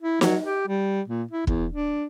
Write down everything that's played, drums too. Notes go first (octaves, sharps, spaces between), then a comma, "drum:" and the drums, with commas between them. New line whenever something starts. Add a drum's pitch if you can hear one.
E4
F#3, drum: snare
G4
G3
A#2
E4
E2, drum: kick
D4